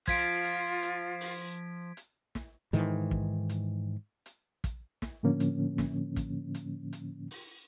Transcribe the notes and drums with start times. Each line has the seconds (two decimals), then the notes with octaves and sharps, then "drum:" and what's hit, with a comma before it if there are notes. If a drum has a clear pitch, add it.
0.08 F3 F4 G#6 B6 D7, drum: kick, hi-hat
0.44 drum: hi-hat
0.83 drum: hi-hat
1.21 drum: open hi-hat
1.97 drum: hi-hat
2.35 drum: snare
2.73 G#2 D#3 E3, drum: hi-hat
3.11 drum: kick
3.49 drum: hi-hat
4.26 drum: hi-hat
4.64 drum: kick, hi-hat
5.02 drum: snare
5.23 A2 D3 F3 A#3 C#4
5.40 drum: hi-hat
5.78 drum: snare
6.16 drum: kick, hi-hat
6.54 drum: hi-hat
6.93 drum: hi-hat
7.31 drum: open hi-hat